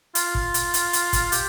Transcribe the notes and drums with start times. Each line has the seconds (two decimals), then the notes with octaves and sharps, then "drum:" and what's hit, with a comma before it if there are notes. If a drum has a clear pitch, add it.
0.15 F4, drum: hi-hat
0.35 drum: kick
0.54 drum: hi-hat
0.74 drum: hi-hat
0.93 drum: hi-hat
1.13 drum: kick, hi-hat
1.32 G4, drum: hi-hat